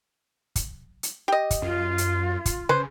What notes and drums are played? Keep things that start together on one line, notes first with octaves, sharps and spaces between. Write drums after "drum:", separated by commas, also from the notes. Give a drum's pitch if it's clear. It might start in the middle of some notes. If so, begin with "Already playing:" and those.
drum: kick, hi-hat
drum: hi-hat
G4 D#5
drum: kick, hi-hat
F#2 F4
drum: hi-hat
drum: kick, hi-hat
C#3 C#4 B4 C5